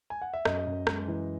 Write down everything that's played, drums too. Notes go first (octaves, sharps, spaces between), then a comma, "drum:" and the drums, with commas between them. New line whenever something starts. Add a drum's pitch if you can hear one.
G#5
F#5
E5
F#2 D#5, drum: rim click
F#2
G#3, drum: rim click
E3